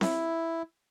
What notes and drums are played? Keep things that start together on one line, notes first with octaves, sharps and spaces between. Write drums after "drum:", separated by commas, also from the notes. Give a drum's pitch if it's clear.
E4, drum: snare C4